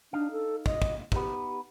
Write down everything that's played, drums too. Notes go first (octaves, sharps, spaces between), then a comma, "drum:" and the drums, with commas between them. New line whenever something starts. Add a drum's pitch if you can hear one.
D4 D#4 F5
A4
D#5, drum: kick
drum: kick
B3 D#4 G4, drum: kick